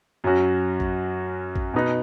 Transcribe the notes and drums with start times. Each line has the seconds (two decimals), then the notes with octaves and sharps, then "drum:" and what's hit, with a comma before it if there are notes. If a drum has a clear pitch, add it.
0.24 F#2 F#3 C#4 F#4
0.80 drum: kick A1
1.55 drum: kick A1
1.74 B2 B3 D#4